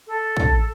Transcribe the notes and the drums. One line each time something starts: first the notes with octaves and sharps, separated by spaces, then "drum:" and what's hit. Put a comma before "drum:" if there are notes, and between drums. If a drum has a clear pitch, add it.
A4
drum: kick